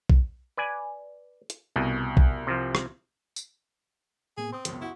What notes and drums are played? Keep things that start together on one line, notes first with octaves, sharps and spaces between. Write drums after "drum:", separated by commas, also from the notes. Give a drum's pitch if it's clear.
drum: kick
B4 D5 G#5
drum: hi-hat
C2 B2
drum: kick
C3 F3
drum: rim click
drum: tambourine
A2 A#3 B3 G#4
C4 C6 D#6
C#2 F#2 B2, drum: hi-hat
E4 F#4 F#5 C#6